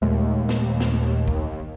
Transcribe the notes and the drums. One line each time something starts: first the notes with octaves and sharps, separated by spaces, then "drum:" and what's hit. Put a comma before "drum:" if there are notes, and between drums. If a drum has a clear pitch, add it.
D#2 A#2 G#3 A3
drum: snare
drum: snare
drum: kick